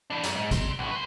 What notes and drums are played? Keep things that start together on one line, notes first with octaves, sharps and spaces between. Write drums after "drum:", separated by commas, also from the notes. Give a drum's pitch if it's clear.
E3 D4
F#2, drum: hi-hat
G#2
D3 C4, drum: kick G#1, hi-hat
B1 A2
B4 C6